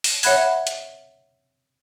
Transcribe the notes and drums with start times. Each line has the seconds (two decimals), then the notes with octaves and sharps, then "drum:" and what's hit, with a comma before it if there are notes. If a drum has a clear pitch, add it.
0.04 drum: open hi-hat
0.23 C#5 E5 F#5 B5 F#6 G#6, drum: open hi-hat
0.67 drum: hi-hat